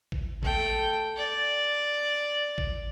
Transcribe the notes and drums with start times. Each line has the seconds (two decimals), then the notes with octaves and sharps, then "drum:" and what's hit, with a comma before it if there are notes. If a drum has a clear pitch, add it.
0.12 drum: kick
0.43 A3 G5, drum: kick
1.17 D5
2.58 drum: kick